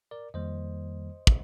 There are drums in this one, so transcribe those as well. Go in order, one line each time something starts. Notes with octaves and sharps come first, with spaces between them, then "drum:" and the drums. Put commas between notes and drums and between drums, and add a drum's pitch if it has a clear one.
A#4 D5
F2 D#3 G3 A#3 C5 D#5
drum: kick